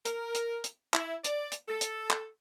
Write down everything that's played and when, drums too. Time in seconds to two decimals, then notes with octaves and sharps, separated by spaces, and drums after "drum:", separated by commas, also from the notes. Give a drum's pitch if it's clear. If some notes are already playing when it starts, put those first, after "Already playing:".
0.05 A#4, drum: hi-hat
0.35 drum: hi-hat
0.64 drum: hi-hat
0.94 E4, drum: clap
1.24 D5, drum: hi-hat
1.52 drum: hi-hat
1.69 A4
1.81 drum: hi-hat
2.10 drum: clap